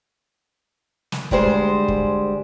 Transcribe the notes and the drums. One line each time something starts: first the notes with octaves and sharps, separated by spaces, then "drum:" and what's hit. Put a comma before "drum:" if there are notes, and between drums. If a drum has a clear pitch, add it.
drum: snare
D2 G3 G#3 C5, drum: kick
drum: kick